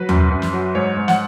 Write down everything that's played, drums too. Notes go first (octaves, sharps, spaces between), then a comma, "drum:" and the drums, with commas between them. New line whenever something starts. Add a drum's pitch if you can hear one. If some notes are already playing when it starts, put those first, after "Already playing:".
Already playing: F#3 B4
F#2, drum: tom D#2
F#2
drum: snare
F#3
G#2 C#5
G#2
F#5, drum: snare